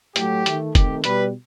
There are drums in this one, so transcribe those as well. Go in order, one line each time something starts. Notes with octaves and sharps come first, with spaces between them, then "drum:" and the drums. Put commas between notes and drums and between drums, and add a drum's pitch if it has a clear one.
A2 F#3 A3 G4, drum: hi-hat
D#3 A3, drum: hi-hat
C3 D#3 A3 G4, drum: kick, hi-hat
B2 G3 B4, drum: hi-hat